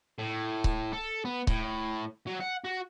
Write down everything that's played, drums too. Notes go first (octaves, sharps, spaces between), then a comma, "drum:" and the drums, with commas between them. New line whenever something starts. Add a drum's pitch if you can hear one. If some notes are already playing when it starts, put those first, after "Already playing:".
A2
drum: kick C#1
A4
B3
A2, drum: kick C#1
F#3
F#5
F#4